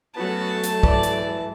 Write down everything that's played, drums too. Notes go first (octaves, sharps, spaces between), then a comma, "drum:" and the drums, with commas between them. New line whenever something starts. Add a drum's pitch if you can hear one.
F#3 A3 B3 C#4 F#4 A5
drum: hi-hat
E3 D5, drum: kick
drum: hi-hat